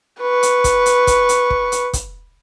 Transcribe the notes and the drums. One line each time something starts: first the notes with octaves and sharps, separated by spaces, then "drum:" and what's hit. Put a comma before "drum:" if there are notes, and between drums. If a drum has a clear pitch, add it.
B4 C#6
drum: hi-hat
drum: kick, hi-hat
drum: hi-hat
drum: kick, hi-hat
drum: hi-hat
drum: kick
drum: hi-hat
drum: kick, hi-hat